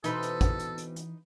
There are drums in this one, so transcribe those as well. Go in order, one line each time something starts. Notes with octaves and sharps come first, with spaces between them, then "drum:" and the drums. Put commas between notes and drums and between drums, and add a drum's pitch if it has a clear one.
B2 E3 C4 D#4 A4 B4, drum: hi-hat
drum: hi-hat
drum: kick, hi-hat
drum: hi-hat
drum: hi-hat
drum: hi-hat